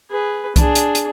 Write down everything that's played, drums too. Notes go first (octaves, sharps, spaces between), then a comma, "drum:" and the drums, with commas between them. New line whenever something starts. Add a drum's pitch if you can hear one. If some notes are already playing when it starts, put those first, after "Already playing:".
G#4 B4
D4 G#4, drum: kick C2, hi-hat
drum: hi-hat
drum: hi-hat